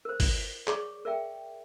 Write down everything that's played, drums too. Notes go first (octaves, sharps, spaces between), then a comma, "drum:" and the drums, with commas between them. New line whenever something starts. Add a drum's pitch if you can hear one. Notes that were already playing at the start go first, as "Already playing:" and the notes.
A#4 C5
drum: kick G#1, open hi-hat
G#4 C#5 D5 C#6 D6, drum: clap
A#4 D5 E5 G5